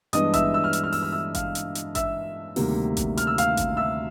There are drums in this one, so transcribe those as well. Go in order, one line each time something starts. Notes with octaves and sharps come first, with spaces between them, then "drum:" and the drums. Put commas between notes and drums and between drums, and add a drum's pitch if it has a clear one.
G2 E3 G#3 B3 D4 D#5 D#6, drum: hi-hat
E5 E6, drum: kick G#1, hi-hat
E6
F6
E6, drum: hi-hat
F6
E6, drum: open hi-hat
F6
E5 E6
F5 F6, drum: kick G#1, hi-hat
drum: hi-hat
drum: hi-hat
E5 E6, drum: kick G#1, hi-hat
D2 C3 D#3 G3 A#3, drum: open hi-hat
drum: kick G#1, hi-hat
F6, drum: hi-hat
E6
F5 F6, drum: hi-hat
drum: kick G#1, hi-hat
E5 E6